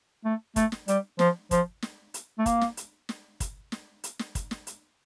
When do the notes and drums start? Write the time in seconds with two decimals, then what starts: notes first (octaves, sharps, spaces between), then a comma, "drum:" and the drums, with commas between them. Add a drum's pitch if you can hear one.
0.25 A3
0.56 A3, drum: kick, hi-hat
0.72 drum: snare
0.88 G3, drum: hi-hat
1.19 F3, drum: snare
1.51 F3, drum: kick, hi-hat
1.82 drum: snare
2.14 drum: hi-hat
2.38 A3
2.46 A#3, drum: kick, hi-hat
2.61 drum: snare
2.77 drum: hi-hat
3.09 drum: snare
3.40 drum: kick, hi-hat
3.72 drum: snare
4.04 drum: hi-hat
4.19 drum: snare
4.35 drum: kick, hi-hat
4.51 drum: snare
4.67 drum: hi-hat